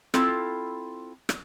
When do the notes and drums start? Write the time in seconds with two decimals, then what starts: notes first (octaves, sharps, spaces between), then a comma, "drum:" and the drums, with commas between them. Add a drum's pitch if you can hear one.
0.14 C4 E4 F4 A4, drum: rim click
1.29 drum: rim click